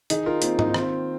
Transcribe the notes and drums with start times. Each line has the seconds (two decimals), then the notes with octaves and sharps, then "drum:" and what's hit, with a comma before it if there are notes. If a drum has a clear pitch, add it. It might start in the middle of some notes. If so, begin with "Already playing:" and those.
0.10 D#3 D#4 G#4, drum: hi-hat
0.26 F4 A#4
0.42 A#3 C4 F4, drum: hi-hat
0.59 D#4, drum: tom G#2
0.70 D#4
0.74 D#3 C4 F4, drum: rim click